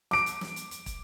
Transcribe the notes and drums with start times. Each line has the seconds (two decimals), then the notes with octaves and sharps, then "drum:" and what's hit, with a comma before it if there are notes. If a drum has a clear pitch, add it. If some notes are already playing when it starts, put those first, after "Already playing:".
0.11 D6 D7, drum: snare
0.26 drum: hi-hat
0.41 drum: snare
0.56 drum: hi-hat
0.71 drum: hi-hat
0.86 drum: kick, hi-hat